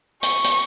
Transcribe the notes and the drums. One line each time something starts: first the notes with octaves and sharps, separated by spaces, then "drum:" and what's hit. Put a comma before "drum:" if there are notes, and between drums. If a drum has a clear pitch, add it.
C#6, drum: hi-hat
drum: hi-hat